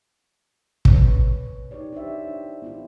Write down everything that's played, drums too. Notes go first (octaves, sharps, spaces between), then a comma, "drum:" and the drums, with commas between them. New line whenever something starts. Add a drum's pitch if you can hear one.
C#4 B4 C#5, drum: kick
D#4 G4 C#5 D5
D4 G4 C5 E5
D4 E4
B3 E4 F4